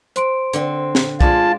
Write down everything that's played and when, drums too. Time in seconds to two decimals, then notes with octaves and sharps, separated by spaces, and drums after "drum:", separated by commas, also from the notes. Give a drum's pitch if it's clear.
0.16 C5 C6 D7, drum: hi-hat
0.53 D3 C4, drum: hi-hat
0.95 drum: snare
1.21 G#3 F4 D5 A5, drum: kick B1